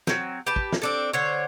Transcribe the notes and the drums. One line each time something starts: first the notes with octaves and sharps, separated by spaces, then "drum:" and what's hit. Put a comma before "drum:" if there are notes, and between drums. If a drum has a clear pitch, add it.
F#3 C4, drum: snare
G4 B4 A5
drum: kick
drum: snare
C4 D4 A4
D3 C5 C#5